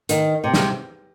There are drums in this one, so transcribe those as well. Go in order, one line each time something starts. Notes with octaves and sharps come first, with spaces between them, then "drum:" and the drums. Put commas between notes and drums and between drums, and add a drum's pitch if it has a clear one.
D#3, drum: hi-hat
C3
drum: snare